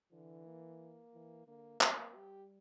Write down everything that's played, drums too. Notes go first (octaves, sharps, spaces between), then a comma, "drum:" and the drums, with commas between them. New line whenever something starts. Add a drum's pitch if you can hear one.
D3 E3
A#3
E3
D3 A#3
A#3, drum: clap
G3 G4